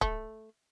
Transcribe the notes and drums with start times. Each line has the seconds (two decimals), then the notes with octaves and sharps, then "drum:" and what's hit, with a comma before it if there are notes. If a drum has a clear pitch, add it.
0.01 A3, drum: kick C#1